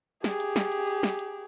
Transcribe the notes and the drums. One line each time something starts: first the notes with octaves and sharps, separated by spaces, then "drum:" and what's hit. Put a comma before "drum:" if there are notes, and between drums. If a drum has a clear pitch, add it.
G4 G#4, drum: snare
drum: hi-hat
drum: snare
drum: hi-hat
drum: hi-hat
drum: snare
drum: hi-hat